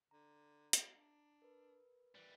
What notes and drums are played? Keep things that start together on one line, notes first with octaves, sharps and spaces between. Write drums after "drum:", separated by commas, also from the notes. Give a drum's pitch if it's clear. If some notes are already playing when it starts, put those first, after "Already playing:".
D3 A#5
drum: hi-hat
D4
A#4 B4
E3 G3